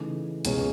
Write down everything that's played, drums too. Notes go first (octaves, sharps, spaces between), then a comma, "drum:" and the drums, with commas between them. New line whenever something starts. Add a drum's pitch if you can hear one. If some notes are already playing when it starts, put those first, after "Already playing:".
Already playing: C#3 E3 A3 D#4
C#2 B2 G#3 C#4 G#4, drum: hi-hat